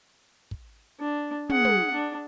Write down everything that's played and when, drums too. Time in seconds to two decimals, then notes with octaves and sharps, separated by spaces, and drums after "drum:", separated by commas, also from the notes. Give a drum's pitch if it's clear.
0.51 drum: kick
0.99 D4
1.49 G#4 F#5, drum: tom
1.65 drum: tom
1.93 D4